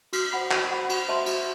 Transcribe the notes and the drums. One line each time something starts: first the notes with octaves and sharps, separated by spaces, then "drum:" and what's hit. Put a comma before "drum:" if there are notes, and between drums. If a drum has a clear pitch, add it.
F#4, drum: cymbal
C5 F#5 B5
F#4, drum: clap
C5 F#5 B5
F#4, drum: cymbal
C5 E5 A5 C6
F#4, drum: cymbal